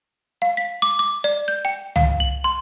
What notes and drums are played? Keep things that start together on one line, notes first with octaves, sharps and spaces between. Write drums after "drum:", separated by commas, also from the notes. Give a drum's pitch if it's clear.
F5
B6
D6
D6
D5
G6
G5
F5, drum: tom
F#7
C6